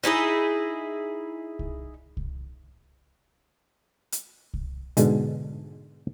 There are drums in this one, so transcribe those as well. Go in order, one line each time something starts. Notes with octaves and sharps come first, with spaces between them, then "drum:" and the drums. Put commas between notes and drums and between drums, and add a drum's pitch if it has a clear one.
D#4 E4 G#4 D#5
drum: kick C2
drum: kick C2
drum: hi-hat
drum: kick C2
G#2 B2 D3 G#3, drum: hi-hat